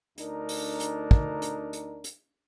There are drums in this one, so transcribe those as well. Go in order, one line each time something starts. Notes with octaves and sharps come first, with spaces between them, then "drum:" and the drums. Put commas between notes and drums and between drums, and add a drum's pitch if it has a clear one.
D2 D4 D#4 A#4, drum: hi-hat
drum: open hi-hat
drum: hi-hat
drum: kick
drum: hi-hat
drum: hi-hat
drum: hi-hat